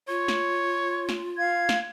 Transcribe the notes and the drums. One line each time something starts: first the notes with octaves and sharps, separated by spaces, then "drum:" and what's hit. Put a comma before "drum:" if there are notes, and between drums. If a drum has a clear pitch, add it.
F4 C#5
drum: snare
drum: snare
F5 G#6
drum: snare